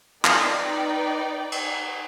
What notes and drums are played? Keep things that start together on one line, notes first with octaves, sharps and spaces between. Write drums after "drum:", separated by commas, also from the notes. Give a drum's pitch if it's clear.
D#4 B4 D5 G5, drum: clap
drum: cymbal